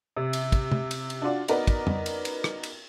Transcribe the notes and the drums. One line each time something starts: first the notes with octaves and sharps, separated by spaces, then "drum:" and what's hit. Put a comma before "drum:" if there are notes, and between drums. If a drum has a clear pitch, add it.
C3
drum: cymbal
drum: kick, cymbal
drum: tom C3
drum: cymbal
drum: cymbal
D4 F4 F#4 D5
B3 D#4 F#4 A#4 B4 D5, drum: cymbal
drum: kick, cymbal
drum: tom
drum: cymbal
drum: cymbal
drum: rim click
drum: cymbal